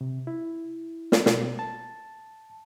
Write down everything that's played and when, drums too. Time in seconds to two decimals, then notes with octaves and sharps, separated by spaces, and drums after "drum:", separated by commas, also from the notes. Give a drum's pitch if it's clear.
0.01 C3
0.27 E4
1.12 drum: snare
1.26 B2, drum: snare
1.59 A5